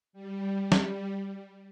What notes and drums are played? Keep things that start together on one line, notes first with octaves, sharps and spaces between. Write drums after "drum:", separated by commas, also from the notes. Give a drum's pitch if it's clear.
G3
G3
drum: snare